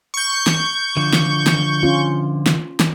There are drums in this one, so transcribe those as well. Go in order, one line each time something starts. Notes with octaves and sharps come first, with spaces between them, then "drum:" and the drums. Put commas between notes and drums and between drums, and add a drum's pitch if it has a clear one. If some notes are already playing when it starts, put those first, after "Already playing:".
C#6 G6
drum: snare
D3 F3
drum: snare
drum: snare
C#4 F4
drum: snare
drum: snare